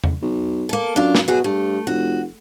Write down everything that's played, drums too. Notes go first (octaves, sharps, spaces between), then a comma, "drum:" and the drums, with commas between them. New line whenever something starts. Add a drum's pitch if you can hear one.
drum: tom E2
B1
A#3 A4
F#2 D4 F4
drum: snare
B2 F#3 F#4 G#4
G2 A3
F1 F#4